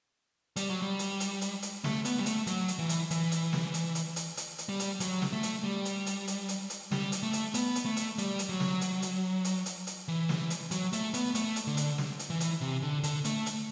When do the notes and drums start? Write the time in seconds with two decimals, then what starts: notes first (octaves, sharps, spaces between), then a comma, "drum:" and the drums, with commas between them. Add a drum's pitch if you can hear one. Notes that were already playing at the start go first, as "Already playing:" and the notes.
0.56 G3, drum: hi-hat
0.70 F#3
0.82 G3
0.99 drum: hi-hat
1.20 drum: hi-hat
1.41 drum: hi-hat
1.62 drum: hi-hat
1.84 A3, drum: snare
2.05 B3, drum: hi-hat
2.18 G3
2.26 A3, drum: hi-hat
2.47 F#3, drum: hi-hat
2.68 drum: hi-hat
2.79 E3
2.89 drum: hi-hat
3.11 E3, drum: hi-hat
3.32 drum: hi-hat
3.53 drum: snare
3.74 drum: hi-hat
3.95 drum: hi-hat
4.16 drum: hi-hat
4.37 drum: hi-hat
4.58 drum: hi-hat
4.69 G3
4.80 drum: hi-hat
5.00 F#3, drum: hi-hat
5.22 drum: snare
5.32 A3
5.43 drum: hi-hat
5.64 G3
5.85 drum: hi-hat
6.06 drum: hi-hat
6.27 drum: hi-hat
6.49 drum: hi-hat
6.70 drum: hi-hat
6.92 G3, drum: snare
7.12 drum: hi-hat
7.23 A3
7.33 drum: hi-hat
7.54 B3, drum: hi-hat
7.75 drum: hi-hat
7.86 A3
7.97 drum: hi-hat
8.18 G3, drum: hi-hat
8.39 drum: hi-hat
8.49 F#3
8.60 drum: snare
8.81 drum: hi-hat
9.02 drum: hi-hat
9.45 drum: hi-hat
9.66 drum: hi-hat
9.87 drum: hi-hat
10.08 E3
10.29 drum: snare
10.50 drum: hi-hat
10.71 F#3, drum: hi-hat
10.93 A3, drum: hi-hat
11.14 B3, drum: hi-hat
11.35 A3, drum: hi-hat
11.56 drum: hi-hat
11.67 D3
11.77 drum: hi-hat
11.98 drum: snare
12.19 drum: hi-hat
12.30 E3
12.40 drum: hi-hat
12.61 C3
12.82 D3
13.03 D3, drum: hi-hat
13.25 A3, drum: hi-hat
13.46 drum: hi-hat